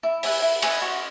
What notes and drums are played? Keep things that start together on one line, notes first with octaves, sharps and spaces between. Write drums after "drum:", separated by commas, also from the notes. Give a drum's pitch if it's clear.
E4
B4 E5 G#5, drum: open hi-hat
E4
B4 E5 G#5, drum: cymbal
F#4